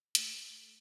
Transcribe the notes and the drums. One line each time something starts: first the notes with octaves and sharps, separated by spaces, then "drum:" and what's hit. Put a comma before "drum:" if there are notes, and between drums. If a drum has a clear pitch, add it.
A3, drum: hi-hat